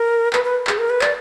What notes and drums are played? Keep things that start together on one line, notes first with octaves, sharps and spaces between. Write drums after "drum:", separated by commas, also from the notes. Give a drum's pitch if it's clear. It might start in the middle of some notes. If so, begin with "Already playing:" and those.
Already playing: A#4
B4, drum: clap
B4
G#4, drum: clap
A#4
B4
D5, drum: clap